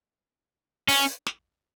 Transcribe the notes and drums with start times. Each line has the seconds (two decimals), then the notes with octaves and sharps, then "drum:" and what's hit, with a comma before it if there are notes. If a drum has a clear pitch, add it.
0.88 C#4, drum: open hi-hat
1.27 drum: snare